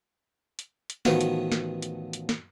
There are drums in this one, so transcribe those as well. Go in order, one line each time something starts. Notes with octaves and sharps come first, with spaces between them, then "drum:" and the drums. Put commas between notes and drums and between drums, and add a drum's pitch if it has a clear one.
drum: hi-hat
drum: hi-hat
A1 D#3 F3 F#3 B3 C#5, drum: snare
drum: hi-hat
drum: snare
drum: hi-hat
drum: hi-hat
drum: snare